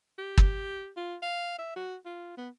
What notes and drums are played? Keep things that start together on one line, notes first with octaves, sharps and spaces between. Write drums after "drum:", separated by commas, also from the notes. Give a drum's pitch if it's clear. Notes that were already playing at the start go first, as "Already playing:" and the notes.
G4
drum: kick
F4
F5
E5
F#4
F4
B3